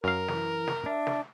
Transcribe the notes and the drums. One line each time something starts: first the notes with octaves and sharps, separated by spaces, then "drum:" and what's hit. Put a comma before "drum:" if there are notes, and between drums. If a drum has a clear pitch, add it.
F#2 A#4 F5
E3, drum: snare
drum: snare
D4 E5
drum: snare